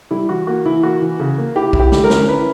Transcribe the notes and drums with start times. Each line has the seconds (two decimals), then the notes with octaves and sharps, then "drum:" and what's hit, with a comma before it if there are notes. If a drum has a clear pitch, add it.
0.11 G3 E4
0.29 E3 F#4
0.47 A#3 F#4
0.66 E3 E4
0.83 A#3 F#4
1.02 E3
1.20 C#3
1.38 A#3
1.56 E4 G4
1.73 E4, drum: kick B1
1.80 G4
1.92 D3, drum: snare
2.04 A#4
2.10 C#4, drum: snare
2.28 E4 B4